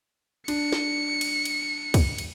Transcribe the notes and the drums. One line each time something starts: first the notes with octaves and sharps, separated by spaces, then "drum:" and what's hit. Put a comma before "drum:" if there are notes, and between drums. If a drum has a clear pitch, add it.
D4 C#7, drum: cymbal
drum: snare
drum: cymbal
drum: cymbal
drum: kick, cymbal
drum: cymbal